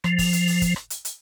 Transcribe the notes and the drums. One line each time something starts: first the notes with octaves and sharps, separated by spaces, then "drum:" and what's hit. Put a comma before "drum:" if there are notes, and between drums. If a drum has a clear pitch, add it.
F3, drum: rim click
drum: kick, open hi-hat
drum: hi-hat
drum: open hi-hat
drum: kick, hi-hat
drum: rim click
drum: hi-hat
drum: hi-hat